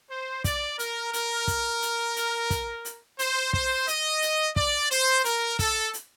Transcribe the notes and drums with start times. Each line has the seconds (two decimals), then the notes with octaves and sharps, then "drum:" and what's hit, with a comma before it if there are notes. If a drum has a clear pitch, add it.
0.11 C5
0.44 D5, drum: kick, hi-hat
0.79 A#4, drum: hi-hat
1.13 A#4, drum: hi-hat
1.48 drum: kick, hi-hat
1.82 drum: hi-hat
2.16 drum: hi-hat
2.50 drum: kick, hi-hat
2.85 drum: hi-hat
3.19 C5, drum: hi-hat
3.53 C5, drum: kick
3.87 D#5, drum: hi-hat
4.22 drum: hi-hat
4.56 D5, drum: kick
4.91 C5, drum: hi-hat
5.25 A#4, drum: hi-hat
5.59 A4, drum: kick, hi-hat
5.93 drum: hi-hat